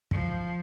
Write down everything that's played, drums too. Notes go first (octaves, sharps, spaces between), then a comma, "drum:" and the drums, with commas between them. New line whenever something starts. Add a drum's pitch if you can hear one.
F3, drum: kick